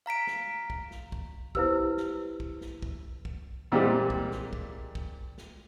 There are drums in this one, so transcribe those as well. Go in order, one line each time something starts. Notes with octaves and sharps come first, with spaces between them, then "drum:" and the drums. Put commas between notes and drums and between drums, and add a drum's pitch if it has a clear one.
F5 A#5 B6 D7
drum: snare
drum: kick
drum: snare
drum: kick
E4 G4 B4 C5 E6, drum: kick
drum: snare
drum: kick
drum: snare
drum: kick
drum: kick
A#2 E3 G3 G#3 C4 G4
drum: kick
drum: snare
drum: kick
drum: kick
drum: snare